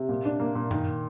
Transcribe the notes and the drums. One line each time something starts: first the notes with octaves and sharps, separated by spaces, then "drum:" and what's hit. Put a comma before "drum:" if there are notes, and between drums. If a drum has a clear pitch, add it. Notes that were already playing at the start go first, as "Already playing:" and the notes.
Already playing: C3
A#2
D4
A#3
A#2
D#3, drum: tom F#2